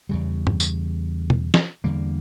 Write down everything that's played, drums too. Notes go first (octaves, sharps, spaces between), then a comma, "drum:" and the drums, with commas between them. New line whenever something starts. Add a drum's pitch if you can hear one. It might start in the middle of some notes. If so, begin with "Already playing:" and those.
E2 C#3 G3
drum: tom
drum: tambourine
drum: tom
drum: snare
E2 D3 G3 A#3